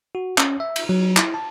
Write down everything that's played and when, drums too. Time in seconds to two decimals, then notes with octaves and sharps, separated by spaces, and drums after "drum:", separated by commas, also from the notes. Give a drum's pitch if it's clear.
0.15 F#4
0.38 C#4, drum: clap
0.60 E5
0.76 drum: cymbal
0.89 F#3
1.17 E4, drum: clap
1.34 A5